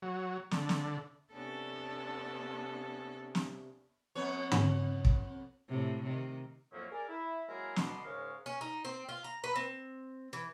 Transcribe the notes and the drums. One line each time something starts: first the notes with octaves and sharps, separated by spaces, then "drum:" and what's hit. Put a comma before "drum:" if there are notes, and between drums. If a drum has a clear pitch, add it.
F#3
D3, drum: snare
drum: snare
C3 B3 C#4 D4 A4
drum: snare
F2 B3 C#5
drum: tom
drum: kick
A2 C3
C3 D#3
F2 A2 F3 F#3 A#3 C#4
G#4 A#4 D5
E4
F#3 G#3 A#3 E4 G#4 A#4
D2 B2 D3 B3 D#5 C6, drum: snare
G#2 C#3 G#3 A#4 C#5 F5
C#4
D#4
C4
F4
A#5
B4
C4
E3